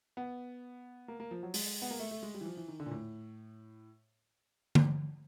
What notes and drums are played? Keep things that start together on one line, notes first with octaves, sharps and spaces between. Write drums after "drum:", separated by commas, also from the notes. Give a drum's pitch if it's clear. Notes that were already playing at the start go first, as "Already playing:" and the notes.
B3
A#3
A#3
F3
F#3
G#3, drum: open hi-hat
B3
A#3
A3
A3
G#3
G3
E3
F3
E3
D#3
D3
A#2
A2
drum: tom D3